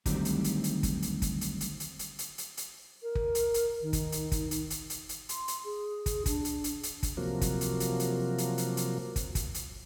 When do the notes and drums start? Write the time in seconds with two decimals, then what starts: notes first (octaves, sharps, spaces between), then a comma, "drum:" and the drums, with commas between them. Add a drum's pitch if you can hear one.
0.06 D3 D#3 F#3 G3 A3 C4, drum: kick, hi-hat
0.25 drum: hi-hat
0.44 drum: hi-hat
0.64 drum: hi-hat
0.83 drum: kick, hi-hat
1.02 drum: hi-hat
1.22 drum: kick, hi-hat
1.41 drum: hi-hat
1.61 drum: hi-hat
1.80 drum: hi-hat
1.99 drum: hi-hat
2.19 drum: hi-hat
2.38 drum: hi-hat
2.57 drum: hi-hat
3.03 A#4
3.15 drum: kick
3.35 drum: hi-hat
3.54 drum: hi-hat
3.81 D#3
3.93 drum: kick, hi-hat
4.12 drum: hi-hat
4.32 drum: kick, hi-hat
4.51 drum: hi-hat
4.70 drum: hi-hat
4.90 drum: hi-hat
5.09 drum: hi-hat
5.29 C6, drum: hi-hat
5.48 drum: hi-hat
5.63 G#4
6.06 drum: kick, hi-hat
6.26 D4, drum: kick, hi-hat
6.45 drum: hi-hat
6.64 drum: hi-hat
6.83 drum: hi-hat
7.03 drum: kick, hi-hat
7.17 C3 F3 F#3 A#3
7.41 drum: kick, hi-hat
7.61 drum: hi-hat
7.80 drum: hi-hat
8.00 drum: hi-hat
8.38 drum: hi-hat
8.58 drum: hi-hat
8.77 drum: hi-hat
9.16 drum: kick, hi-hat
9.35 drum: kick, hi-hat
9.54 drum: hi-hat